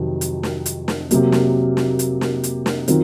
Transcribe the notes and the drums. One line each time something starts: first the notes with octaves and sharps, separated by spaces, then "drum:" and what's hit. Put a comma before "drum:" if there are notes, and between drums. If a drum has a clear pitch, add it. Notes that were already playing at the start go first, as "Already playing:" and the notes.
Already playing: F2 C3 D#3 F#3
drum: hi-hat
drum: snare
drum: hi-hat
drum: snare
C3 F#3 A#3, drum: hi-hat
drum: snare
drum: snare
drum: hi-hat
drum: snare
drum: hi-hat
drum: snare
D#3 F#3 C4 F4 A#4, drum: hi-hat